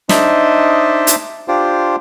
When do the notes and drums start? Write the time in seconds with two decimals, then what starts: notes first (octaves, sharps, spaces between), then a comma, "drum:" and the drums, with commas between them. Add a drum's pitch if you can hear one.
0.09 D4 D#4 C5 D#5 E5 A5, drum: snare
1.07 drum: hi-hat
1.48 D4 F4 G4 C5